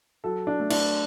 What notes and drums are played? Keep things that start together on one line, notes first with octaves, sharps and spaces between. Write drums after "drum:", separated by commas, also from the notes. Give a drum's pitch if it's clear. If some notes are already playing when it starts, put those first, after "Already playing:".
F#3 A4
D4
A3
D4, drum: cymbal